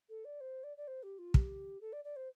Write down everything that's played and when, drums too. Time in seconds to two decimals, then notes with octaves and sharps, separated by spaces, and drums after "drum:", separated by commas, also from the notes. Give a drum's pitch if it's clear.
0.09 A4
0.25 D5
0.40 C5
0.64 D5
0.77 D5
0.87 C5
1.03 G4
1.18 F4
1.34 G4, drum: kick
1.81 A4
1.93 D5
2.04 D5
2.16 C5